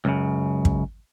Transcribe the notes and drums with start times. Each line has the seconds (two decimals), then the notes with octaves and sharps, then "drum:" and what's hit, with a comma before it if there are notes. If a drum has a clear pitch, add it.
0.05 C#2 F#2 C#3
0.65 drum: kick